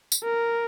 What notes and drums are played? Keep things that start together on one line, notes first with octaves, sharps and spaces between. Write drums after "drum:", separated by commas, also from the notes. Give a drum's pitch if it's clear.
drum: tambourine
A#4